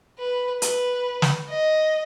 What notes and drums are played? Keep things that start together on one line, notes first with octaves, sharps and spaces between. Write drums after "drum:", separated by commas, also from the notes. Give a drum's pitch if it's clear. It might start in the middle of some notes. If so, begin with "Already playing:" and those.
B4
B4, drum: hi-hat
drum: snare
D#5